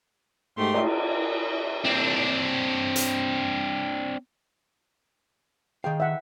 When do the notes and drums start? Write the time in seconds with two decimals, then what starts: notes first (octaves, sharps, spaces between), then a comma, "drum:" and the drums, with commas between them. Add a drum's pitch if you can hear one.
0.58 G#2 A3 G4 C6
0.74 drum: cymbal
1.85 C4 D4
2.96 drum: hi-hat
5.84 D#3 G#4 F5 G5
6.00 E5 F#5